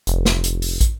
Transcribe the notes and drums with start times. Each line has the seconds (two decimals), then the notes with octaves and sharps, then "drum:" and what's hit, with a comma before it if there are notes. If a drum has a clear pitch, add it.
0.07 F1, drum: hi-hat
0.25 drum: snare
0.44 drum: hi-hat
0.62 drum: open hi-hat
0.81 drum: kick, hi-hat